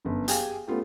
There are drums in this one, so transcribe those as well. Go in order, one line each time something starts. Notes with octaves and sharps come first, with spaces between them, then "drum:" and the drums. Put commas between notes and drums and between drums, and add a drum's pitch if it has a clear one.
G1 F#2
G4 G#4 F5 G5 G#5, drum: hi-hat
A3 B3 C#4 F4 G4